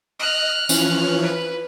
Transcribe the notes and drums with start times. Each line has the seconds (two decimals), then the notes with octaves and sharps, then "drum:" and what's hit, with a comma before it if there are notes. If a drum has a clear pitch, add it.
0.19 D#5 F6 F#6
0.69 E3 F3 C#4, drum: tambourine
1.22 B4